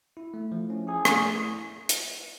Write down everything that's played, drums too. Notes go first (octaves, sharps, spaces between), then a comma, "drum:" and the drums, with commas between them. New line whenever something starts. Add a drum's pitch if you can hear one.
E4
A3
F3
C#4
E4 G#4
A3, drum: rim click
drum: hi-hat